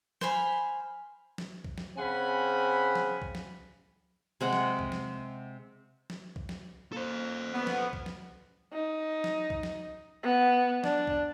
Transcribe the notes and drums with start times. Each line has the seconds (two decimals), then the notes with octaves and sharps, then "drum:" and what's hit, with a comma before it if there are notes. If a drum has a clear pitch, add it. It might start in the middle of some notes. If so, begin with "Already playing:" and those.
0.21 C5 F5 G#5 B5, drum: snare
1.38 drum: snare
1.64 drum: kick B1
1.78 drum: snare
1.98 C#3 C4 F#5 G#5 B5
2.95 drum: snare
3.22 drum: kick B1
3.35 drum: snare
4.41 C3 G#3 F#5
4.53 drum: snare
4.79 drum: kick B1
4.92 drum: snare
6.10 drum: snare
6.36 drum: kick B1
6.49 drum: snare
6.92 A#3 A4 C5
7.54 B3
7.67 drum: snare
7.93 drum: kick B1
8.06 drum: snare
8.73 D#4
9.24 drum: snare
9.50 drum: kick B1
9.63 drum: snare
10.23 B3
10.84 D4, drum: snare
11.07 drum: kick B1